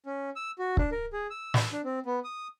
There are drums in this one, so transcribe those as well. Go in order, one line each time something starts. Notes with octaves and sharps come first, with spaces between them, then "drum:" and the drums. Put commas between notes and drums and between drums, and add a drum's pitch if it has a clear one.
C#4
E6
F#4
D4, drum: kick
A#4
G#4
E6
drum: snare
D4
C4
B3
D#6